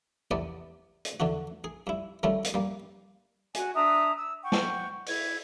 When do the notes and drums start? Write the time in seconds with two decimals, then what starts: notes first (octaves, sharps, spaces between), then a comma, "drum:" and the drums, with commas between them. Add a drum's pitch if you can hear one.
0.31 E2 C3 B3 D5
1.05 drum: hi-hat
1.20 E2 D3 E3 F#4
1.64 G#4
1.87 G2 E4
2.23 D#3 G3 A3 C#4 E4
2.44 drum: hi-hat
2.54 G3 A#3
3.55 F#4 G#5, drum: hi-hat
3.74 D4 E5 A#5 D#6
4.14 E6
4.43 F#5 G5 C#6
4.52 drum: snare
5.06 E4 G#6, drum: open hi-hat